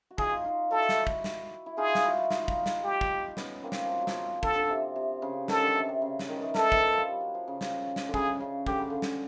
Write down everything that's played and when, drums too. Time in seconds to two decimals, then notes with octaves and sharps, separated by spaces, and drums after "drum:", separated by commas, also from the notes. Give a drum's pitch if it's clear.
0.11 F#4
0.18 D#4 F4 G#4, drum: kick
0.45 D#4 F4
0.71 E4 F#4 A4
0.89 drum: snare
1.07 drum: kick
1.24 drum: snare
1.66 E4
1.78 D#4 F4 G#4
1.95 drum: snare
2.04 E4 F#4
2.31 D#4 F4, drum: snare
2.48 drum: kick
2.66 drum: snare
2.84 G4
3.01 drum: kick
3.37 B3 C#4, drum: snare
3.63 A#3 C4
3.72 drum: snare
3.85 F3 F#3
4.02 F#3
4.07 F3, drum: snare
4.43 D3 A4, drum: kick
4.56 D3
4.69 C3
4.96 C3
5.22 C#3
5.48 D#3 A4, drum: snare
5.62 D3
5.75 C3
5.89 C3
6.02 C#3
6.19 drum: snare
6.29 D#3
6.36 E3
6.42 D#3
6.55 E3 A4, drum: snare
6.63 D#3
6.72 E3, drum: kick
6.82 F3
7.08 G3
7.21 F#3
7.35 F3
7.48 C#3
7.61 drum: snare
7.96 drum: snare
8.08 D3
8.14 C#3 G#4, drum: kick
8.41 C#3
8.66 D3 G4, drum: kick
8.79 C#3
8.90 D3
9.02 drum: snare